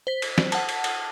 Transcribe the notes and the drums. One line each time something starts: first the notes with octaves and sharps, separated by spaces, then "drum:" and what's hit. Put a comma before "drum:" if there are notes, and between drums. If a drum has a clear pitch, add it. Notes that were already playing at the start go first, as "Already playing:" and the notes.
C5 B6
drum: cymbal
drum: snare
F#5 A5, drum: cymbal
drum: cymbal
drum: cymbal